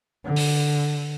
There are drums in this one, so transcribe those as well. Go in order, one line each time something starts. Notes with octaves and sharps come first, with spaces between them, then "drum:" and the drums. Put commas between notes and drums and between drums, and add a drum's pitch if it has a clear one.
D3
drum: open hi-hat